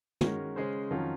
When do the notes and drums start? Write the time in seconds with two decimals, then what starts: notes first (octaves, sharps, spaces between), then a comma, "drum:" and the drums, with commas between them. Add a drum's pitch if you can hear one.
0.21 D#3 G#3 C#4 F#4 A#4, drum: tom
0.56 C#3 G#3 C#4 G#4 C5
0.91 F2 D#3 F#3 C#4 F4